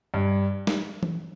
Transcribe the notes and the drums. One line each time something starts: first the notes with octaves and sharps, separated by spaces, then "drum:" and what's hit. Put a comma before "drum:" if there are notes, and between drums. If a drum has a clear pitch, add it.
G2
drum: snare
drum: tom E3